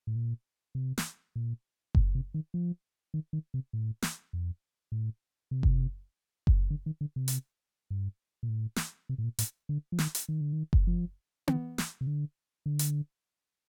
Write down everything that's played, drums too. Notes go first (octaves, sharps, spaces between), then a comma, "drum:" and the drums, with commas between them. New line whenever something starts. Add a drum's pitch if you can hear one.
A2
A#2
C3
drum: snare
A#2
A#2, drum: kick F#1
C3
D#3
F3
D#3
D#3
C3
A2
drum: snare
F2
A2
C3
drum: kick F#1
drum: kick F#1
D3
D#3
D3
C3
drum: hi-hat
G2
A#2
A2
drum: snare
C3
A2
A#2
A2, drum: hi-hat
D3
F3
D#3, drum: snare
drum: hi-hat
D#3
D3
D#3
drum: kick F#1
F3
D#3, drum: tom B3
drum: snare
C3
D3
D3
drum: hi-hat